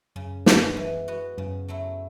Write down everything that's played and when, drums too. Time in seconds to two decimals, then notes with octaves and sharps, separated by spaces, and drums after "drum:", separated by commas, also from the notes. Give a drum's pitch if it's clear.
0.16 F#2 C#3
0.46 G#3 B3, drum: snare
0.77 E3
1.08 B3 F#4
1.38 F#2 C#3
1.68 F#3 A3 E4